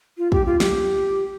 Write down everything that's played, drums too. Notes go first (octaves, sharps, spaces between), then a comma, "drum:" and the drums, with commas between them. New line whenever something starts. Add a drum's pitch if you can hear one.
F4
G4, drum: kick
F4
G4, drum: snare